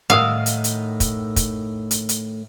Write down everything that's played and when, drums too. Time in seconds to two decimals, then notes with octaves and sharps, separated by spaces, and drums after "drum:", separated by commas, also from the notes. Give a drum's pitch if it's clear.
0.10 A2 D#3 E4 F5 F#5 D#6 E6
0.46 drum: hi-hat
0.64 drum: hi-hat
1.00 drum: kick, hi-hat
1.36 drum: kick, hi-hat
1.91 drum: hi-hat
2.09 drum: hi-hat